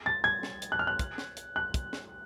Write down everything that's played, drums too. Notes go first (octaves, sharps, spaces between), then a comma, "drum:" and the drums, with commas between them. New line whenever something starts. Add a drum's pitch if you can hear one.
A6
G#6
drum: snare
drum: hi-hat
F#6
F6
F#6
drum: kick, hi-hat
drum: snare
drum: hi-hat
F#6
drum: kick, hi-hat
drum: snare